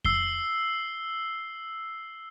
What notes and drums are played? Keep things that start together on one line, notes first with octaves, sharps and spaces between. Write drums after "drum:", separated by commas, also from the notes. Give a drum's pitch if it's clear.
E6 C7 G7, drum: kick F2